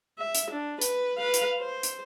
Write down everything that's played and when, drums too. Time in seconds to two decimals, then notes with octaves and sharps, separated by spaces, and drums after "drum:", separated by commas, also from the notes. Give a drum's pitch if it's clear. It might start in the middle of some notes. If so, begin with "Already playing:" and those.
0.19 E5
0.35 drum: hi-hat
0.51 D4
0.81 B4, drum: hi-hat
1.18 B4 F5
1.34 drum: hi-hat
1.59 C5
1.83 drum: hi-hat